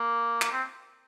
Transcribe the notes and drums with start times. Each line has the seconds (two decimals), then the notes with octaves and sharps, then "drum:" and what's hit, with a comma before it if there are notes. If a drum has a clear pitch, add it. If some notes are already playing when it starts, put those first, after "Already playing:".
Already playing: A#3
0.42 A#3, drum: clap
0.52 C4